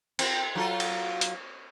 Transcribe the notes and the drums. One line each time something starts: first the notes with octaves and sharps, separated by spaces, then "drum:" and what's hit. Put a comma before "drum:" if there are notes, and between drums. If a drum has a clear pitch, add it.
C4, drum: cymbal
F#3 F4 A4
drum: cymbal
drum: hi-hat